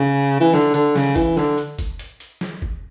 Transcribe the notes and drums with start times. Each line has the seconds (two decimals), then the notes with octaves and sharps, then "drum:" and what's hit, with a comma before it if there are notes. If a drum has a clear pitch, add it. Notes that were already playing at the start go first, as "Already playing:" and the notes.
Already playing: C#3
0.40 E3
0.54 D3, drum: snare
0.74 D3, drum: hi-hat
0.96 C#3, drum: snare
1.16 E3, drum: kick, hi-hat
1.37 D3, drum: snare
1.58 drum: hi-hat
1.79 drum: kick, hi-hat
1.99 drum: hi-hat
2.20 drum: hi-hat
2.41 drum: snare
2.62 drum: kick